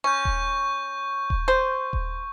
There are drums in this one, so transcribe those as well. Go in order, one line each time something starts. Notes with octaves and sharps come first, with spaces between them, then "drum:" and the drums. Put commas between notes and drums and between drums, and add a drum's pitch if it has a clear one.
C#4 C#6 G6
drum: kick D#1
drum: kick D#1
C5
drum: kick D#1